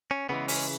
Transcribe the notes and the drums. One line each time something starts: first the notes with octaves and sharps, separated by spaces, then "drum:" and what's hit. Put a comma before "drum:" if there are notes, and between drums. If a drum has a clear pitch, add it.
C#4
C#3 E3 G#3 B3
C#4, drum: open hi-hat